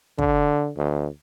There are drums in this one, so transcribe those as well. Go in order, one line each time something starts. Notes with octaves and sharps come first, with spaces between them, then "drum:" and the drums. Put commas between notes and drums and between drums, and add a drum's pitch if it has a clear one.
D3, drum: kick
D2